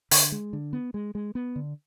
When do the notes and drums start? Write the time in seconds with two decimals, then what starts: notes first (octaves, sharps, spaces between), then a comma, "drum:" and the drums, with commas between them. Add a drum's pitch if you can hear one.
0.11 D3, drum: open hi-hat
0.32 G#3
0.53 D3
0.73 B3
0.94 G#3
1.15 G#3
1.35 B3
1.56 D3